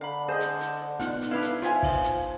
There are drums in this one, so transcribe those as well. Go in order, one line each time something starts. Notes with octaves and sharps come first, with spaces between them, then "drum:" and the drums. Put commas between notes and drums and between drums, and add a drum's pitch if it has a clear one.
D3 F5 B5
G#4 C5 D#5
drum: hi-hat
drum: hi-hat
B3 D#4 F4 F#5, drum: hi-hat
drum: hi-hat
D4 E4 B4 F5
drum: hi-hat
F3 F4 C#5 E5 G#5, drum: hi-hat
drum: kick, open hi-hat
drum: hi-hat